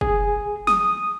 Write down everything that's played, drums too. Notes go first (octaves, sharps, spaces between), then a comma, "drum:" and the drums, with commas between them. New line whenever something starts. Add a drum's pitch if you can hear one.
G#4, drum: kick
D#6, drum: snare